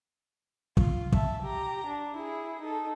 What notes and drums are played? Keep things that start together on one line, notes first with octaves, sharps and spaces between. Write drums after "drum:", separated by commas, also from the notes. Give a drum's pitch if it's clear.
F4, drum: kick
E5 A5, drum: kick
G4 A#5
D4
E4 G#4
D#4 A4